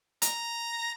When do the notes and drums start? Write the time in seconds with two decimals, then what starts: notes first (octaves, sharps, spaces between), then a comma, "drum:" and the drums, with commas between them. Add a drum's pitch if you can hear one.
0.22 A#5 A#6, drum: hi-hat